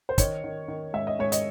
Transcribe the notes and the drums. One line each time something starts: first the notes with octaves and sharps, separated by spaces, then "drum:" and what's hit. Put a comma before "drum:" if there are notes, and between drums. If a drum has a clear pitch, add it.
C5
D#3 C#5, drum: kick, hi-hat
D#3
D#3
G#2 E5
D#5
G#2 C#5
D#5, drum: hi-hat